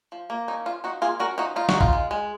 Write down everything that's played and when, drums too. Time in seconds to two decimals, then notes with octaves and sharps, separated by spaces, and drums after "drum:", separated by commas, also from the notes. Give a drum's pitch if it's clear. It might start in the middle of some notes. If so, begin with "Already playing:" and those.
0.12 F3
0.30 A#3
0.48 C#4 D#4
0.66 F3 F4
0.84 F3 D#4 F#4
1.02 A#3 F4 G#4
1.19 C#4 F#4 A#4
1.38 F3 D#4 F#4
1.56 D#4 F4
1.69 F#4, drum: snare
1.74 D#4
1.81 F4, drum: kick A1
1.93 G#3
2.11 G#3